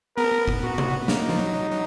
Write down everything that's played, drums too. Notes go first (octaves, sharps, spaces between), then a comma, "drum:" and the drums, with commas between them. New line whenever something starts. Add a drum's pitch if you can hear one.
B3 A#4
drum: kick G1
F#4
drum: tom C3
A#3 D#4, drum: snare
F3
F#3
F#3